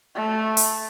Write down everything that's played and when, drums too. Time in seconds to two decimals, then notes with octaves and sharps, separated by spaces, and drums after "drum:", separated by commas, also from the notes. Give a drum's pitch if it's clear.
0.15 A3
0.57 drum: open hi-hat